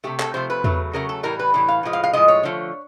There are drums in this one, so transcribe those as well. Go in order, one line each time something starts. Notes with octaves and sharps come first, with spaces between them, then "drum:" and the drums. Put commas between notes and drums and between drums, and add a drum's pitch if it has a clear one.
C3 F3 A3 G4
A4, drum: clap
C3 F3 A3 C5
B4
C#3 F#3 A3, drum: tom E2
C#3 F#3 A3 A#4
A4
A2 E3 G3 A#4
B4
A2 E3 G3
F5
A2 F3 G#3
F5
F5
A2 F3 G#3 D#5
C#5
D3 F3 A3